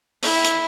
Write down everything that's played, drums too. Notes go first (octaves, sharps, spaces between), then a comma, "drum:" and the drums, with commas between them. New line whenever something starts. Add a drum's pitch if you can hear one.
E4, drum: open hi-hat
drum: hi-hat